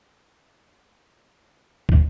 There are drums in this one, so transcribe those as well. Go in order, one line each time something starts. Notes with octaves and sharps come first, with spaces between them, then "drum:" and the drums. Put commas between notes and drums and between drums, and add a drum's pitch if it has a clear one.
G#3
A3
G#3
A3
drum: kick